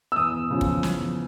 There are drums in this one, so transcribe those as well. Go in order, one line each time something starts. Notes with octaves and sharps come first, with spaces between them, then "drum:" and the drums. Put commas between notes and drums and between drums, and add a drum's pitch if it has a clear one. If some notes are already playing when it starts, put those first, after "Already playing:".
E6
E2 D#6
C#3 F3
drum: kick
E2, drum: snare